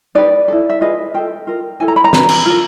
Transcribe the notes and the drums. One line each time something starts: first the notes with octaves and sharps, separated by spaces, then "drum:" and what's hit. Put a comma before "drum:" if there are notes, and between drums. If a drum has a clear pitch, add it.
D#4 G4 B4 D5
E4 A4
E5
F4 G#4 B4 D#5
F4 A4 G5
F4 A#4
E4 A4 G#5
A#5
B5
A#5
D4 F#4 B4, drum: snare
drum: cymbal
F4 A#4